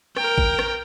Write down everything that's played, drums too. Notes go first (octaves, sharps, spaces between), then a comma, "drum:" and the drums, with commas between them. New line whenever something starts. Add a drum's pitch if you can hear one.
A#4 G5, drum: rim click
drum: kick A1
drum: rim click